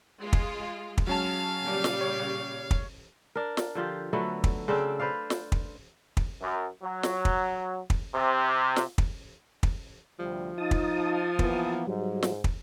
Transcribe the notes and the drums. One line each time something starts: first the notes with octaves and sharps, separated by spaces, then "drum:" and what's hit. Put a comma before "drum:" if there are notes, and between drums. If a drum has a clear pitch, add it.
G#3 F4
drum: kick
drum: kick
F#3 G#3 C#4 F5 A5 F6
A#2 C#3 G3
drum: snare
C#5
drum: kick
D4 A#4
drum: snare
D3 F3 F4 G4
D3 F#3 A3 B3
drum: kick
C#3 C4 D4 A4
B4 C5 D5 F5
drum: snare
drum: kick
drum: kick
F#2
F#3
drum: snare
drum: kick
drum: kick
C3
drum: snare
drum: kick
drum: kick
D2 C3 F3 G3
D#4 F4 A5 D#6
drum: kick
E3 A#3 B3, drum: kick
G#2 F#3 G3
drum: snare
drum: kick